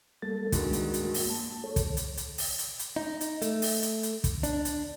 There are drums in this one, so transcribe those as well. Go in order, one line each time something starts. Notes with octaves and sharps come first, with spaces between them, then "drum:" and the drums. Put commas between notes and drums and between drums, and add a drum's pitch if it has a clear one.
G3 A#3 A4 A6
G2 D#3 G#3 A#3 F#4, drum: kick, hi-hat
drum: hi-hat
drum: hi-hat
drum: open hi-hat
A5
A4 C#5
drum: kick, hi-hat
drum: hi-hat
drum: hi-hat
drum: open hi-hat
drum: hi-hat
drum: hi-hat
D#4
drum: hi-hat
A3, drum: hi-hat
drum: open hi-hat
drum: hi-hat
drum: hi-hat
drum: kick, hi-hat
D4, drum: hi-hat
drum: hi-hat